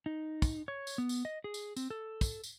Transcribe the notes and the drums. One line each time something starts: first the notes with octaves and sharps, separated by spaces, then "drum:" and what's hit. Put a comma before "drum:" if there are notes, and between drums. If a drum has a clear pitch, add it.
D#4
drum: kick, tambourine
C#5
drum: tambourine
B3
drum: tambourine
D#5
G#4
drum: tambourine
C4, drum: tambourine
A4
drum: kick, tambourine
drum: tambourine